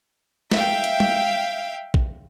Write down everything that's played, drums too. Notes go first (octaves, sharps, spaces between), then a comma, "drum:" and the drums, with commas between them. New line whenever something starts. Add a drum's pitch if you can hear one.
E5 F5 G5, drum: snare
drum: hi-hat
drum: tom G3
drum: kick